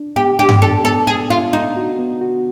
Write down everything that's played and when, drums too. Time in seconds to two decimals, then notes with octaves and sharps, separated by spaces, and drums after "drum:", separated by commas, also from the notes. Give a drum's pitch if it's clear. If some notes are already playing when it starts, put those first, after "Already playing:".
Already playing: D4
0.16 B3 G4
0.39 D4 G4
0.49 drum: tom G2
0.62 D4 A4
0.84 B3 A4
1.07 D4 G#4
1.30 D4 F4
1.53 D4 D#4
1.76 F#4
1.99 B3
2.21 F#4